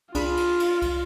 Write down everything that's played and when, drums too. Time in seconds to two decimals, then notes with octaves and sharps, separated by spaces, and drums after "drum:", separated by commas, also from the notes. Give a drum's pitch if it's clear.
0.15 D4 F4 G#4 B5, drum: kick C2, cymbal
0.37 drum: cymbal
0.60 drum: cymbal
0.82 drum: kick C2, cymbal